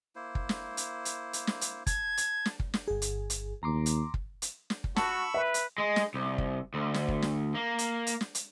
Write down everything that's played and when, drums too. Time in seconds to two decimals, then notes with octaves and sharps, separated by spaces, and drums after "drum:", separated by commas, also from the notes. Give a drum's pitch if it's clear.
0.16 A#3 E4 C5
0.35 drum: kick
0.49 drum: snare
0.77 drum: hi-hat
1.05 drum: hi-hat
1.33 drum: hi-hat
1.47 drum: snare
1.61 drum: hi-hat
1.87 A5 G#6, drum: kick, hi-hat
2.17 drum: hi-hat
2.46 drum: snare
2.60 drum: kick
2.74 drum: snare
2.88 G1 G#4
3.02 drum: hi-hat
3.30 drum: hi-hat
3.63 D#2 A#5 C6 D6
3.86 drum: hi-hat
4.14 drum: kick
4.42 drum: hi-hat
4.70 drum: snare
4.84 drum: kick
4.96 F#4 A5 B5 C#6 E6, drum: snare
5.34 B4 E5
5.54 drum: hi-hat
5.78 G#3
5.96 drum: snare
6.14 C2
6.38 drum: kick
6.74 D2
6.94 drum: snare
7.08 drum: kick
7.22 drum: snare
7.55 A#3
7.79 drum: hi-hat
8.07 drum: hi-hat
8.21 drum: snare
8.35 drum: hi-hat